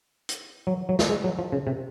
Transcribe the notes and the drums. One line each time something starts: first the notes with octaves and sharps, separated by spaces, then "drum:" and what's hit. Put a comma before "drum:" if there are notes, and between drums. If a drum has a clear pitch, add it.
drum: hi-hat
F#3
F#3
drum: snare
G#3
F#3
F3
C#3
C3